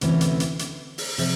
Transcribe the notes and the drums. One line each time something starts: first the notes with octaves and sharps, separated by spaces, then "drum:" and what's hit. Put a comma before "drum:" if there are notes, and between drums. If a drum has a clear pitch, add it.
D2 C3 E3 A3 C#4, drum: hi-hat
drum: hi-hat
drum: hi-hat
drum: hi-hat
drum: open hi-hat
C3 F3, drum: open hi-hat